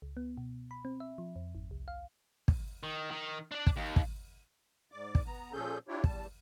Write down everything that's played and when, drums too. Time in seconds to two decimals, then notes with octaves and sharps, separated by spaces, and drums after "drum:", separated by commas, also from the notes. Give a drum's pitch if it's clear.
0.02 C#2
0.17 B3
0.37 B2
0.71 B5
0.85 C4
1.00 E5
1.18 F3
1.36 F2
1.55 G#1
1.71 C2
1.88 F5
2.48 drum: kick
2.83 D#3
3.11 D#3
3.51 D4 D5
3.67 drum: kick
3.76 D#2
3.96 drum: kick
4.92 G#2 D5 D6
5.15 drum: kick
5.26 B3 A#5
5.53 A#2 F3 C#4 G#4 A4 G6
5.88 D4 E4 F4 G4 C#5
6.04 E2 G3 A5, drum: kick